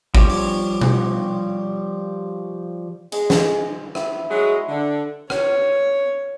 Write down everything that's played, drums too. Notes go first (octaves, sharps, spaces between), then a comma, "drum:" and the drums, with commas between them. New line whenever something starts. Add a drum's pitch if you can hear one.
F3 G3 G4 C#5, drum: kick
drum: open hi-hat
drum: tom B2
G#3, drum: hi-hat
drum: snare
E4, drum: rim click
F#3 G#3
D3
C#5, drum: rim click